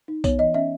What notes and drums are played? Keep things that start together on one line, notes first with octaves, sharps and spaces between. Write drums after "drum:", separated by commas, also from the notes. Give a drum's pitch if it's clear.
D#4
B3 C#5, drum: kick B1, tambourine
E3 D#5
C#4 E5